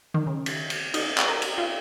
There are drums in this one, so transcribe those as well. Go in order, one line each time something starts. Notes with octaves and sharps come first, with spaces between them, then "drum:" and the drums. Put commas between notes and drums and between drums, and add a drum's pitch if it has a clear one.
D#3
C#3
drum: cymbal
drum: cymbal
D#4, drum: cymbal
drum: clap
A#4
drum: cymbal
F4